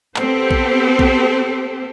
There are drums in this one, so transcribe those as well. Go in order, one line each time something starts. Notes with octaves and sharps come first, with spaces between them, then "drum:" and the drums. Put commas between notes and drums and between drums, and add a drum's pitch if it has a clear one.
B3 C4 G4 A4 C5, drum: clap
drum: kick A#1
drum: kick A#1